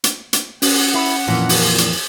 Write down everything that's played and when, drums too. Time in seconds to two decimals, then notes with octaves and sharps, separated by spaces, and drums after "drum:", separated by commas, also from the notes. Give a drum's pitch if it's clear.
0.04 drum: hi-hat
0.33 drum: hi-hat
0.62 C#4 F#5, drum: open hi-hat
0.94 E4
1.28 F2 A#2 E3
1.49 drum: open hi-hat
1.78 drum: hi-hat